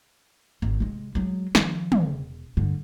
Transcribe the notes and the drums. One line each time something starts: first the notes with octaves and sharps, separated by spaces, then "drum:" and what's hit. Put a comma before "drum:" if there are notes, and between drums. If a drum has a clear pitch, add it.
G#1
C3 G#3
F#3 G#3
D#3 F3, drum: snare
E1, drum: tom
G2 D3